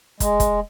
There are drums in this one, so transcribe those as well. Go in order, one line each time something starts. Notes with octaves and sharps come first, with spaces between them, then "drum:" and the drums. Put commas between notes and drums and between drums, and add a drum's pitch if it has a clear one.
G#3, drum: kick, hi-hat
drum: kick, hi-hat